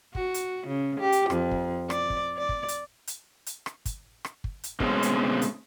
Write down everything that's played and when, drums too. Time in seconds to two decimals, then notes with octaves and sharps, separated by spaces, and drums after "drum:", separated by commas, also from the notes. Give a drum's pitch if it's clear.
0.15 F#4, drum: kick
0.34 drum: hi-hat
0.67 C#3
1.00 G4
1.12 drum: hi-hat
1.30 F2, drum: rim click
1.51 drum: kick
1.90 D5, drum: rim click
2.10 drum: kick
2.38 D5
2.49 drum: kick
2.68 drum: hi-hat
3.07 drum: hi-hat
3.46 drum: hi-hat
3.66 drum: rim click
3.85 drum: kick, hi-hat
4.25 drum: rim click
4.44 drum: kick
4.64 drum: hi-hat
4.80 B2 D3 G#3 A3 C4 C#4, drum: kick
5.03 drum: hi-hat
5.42 drum: hi-hat